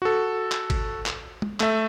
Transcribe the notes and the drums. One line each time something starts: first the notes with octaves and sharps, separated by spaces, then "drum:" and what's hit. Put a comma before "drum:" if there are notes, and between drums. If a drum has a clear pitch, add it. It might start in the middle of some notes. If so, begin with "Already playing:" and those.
F#4 A4
drum: clap
drum: kick G#1, cymbal
drum: clap
drum: tom
A3 E5, drum: clap